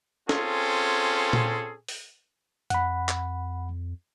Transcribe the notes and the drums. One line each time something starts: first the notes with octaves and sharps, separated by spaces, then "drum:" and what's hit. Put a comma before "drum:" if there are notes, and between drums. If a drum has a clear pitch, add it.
C4 C#4 F4 G#4 A4, drum: snare
drum: tom A#2
drum: open hi-hat
F2 F#5 B5, drum: hi-hat
drum: clap